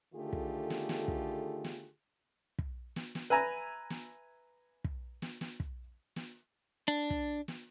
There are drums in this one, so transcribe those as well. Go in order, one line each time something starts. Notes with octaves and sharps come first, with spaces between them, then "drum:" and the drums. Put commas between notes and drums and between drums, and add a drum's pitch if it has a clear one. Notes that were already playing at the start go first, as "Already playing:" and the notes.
D3 D#3 A3 F4 G4 G#4
drum: kick
drum: snare
drum: snare
drum: kick
drum: snare
drum: kick
drum: snare
drum: snare
B4 E5 G#5 A#5
drum: snare
drum: kick
drum: snare
drum: snare
drum: kick
drum: snare
D4
drum: kick
drum: snare